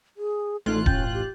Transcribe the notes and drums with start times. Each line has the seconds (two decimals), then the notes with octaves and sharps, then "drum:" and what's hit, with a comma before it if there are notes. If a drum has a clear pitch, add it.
0.17 G#4
0.66 A1 A3 D#4 F4 A4 F#6
0.86 C#4 G5 G6 A6, drum: kick D#1
1.13 G4